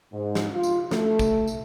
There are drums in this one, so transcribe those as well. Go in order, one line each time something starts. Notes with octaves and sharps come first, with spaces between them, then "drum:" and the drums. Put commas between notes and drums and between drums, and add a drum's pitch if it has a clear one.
G#2
drum: snare
F4
drum: tambourine
A3, drum: snare
drum: kick, tambourine
drum: tambourine